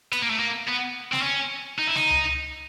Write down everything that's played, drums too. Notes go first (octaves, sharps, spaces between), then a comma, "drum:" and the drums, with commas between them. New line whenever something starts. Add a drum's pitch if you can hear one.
B3, drum: hi-hat
A#3
A3
A#3
B3
C4, drum: snare
C#4
D#4
E4
D#4, drum: snare
drum: tom C#2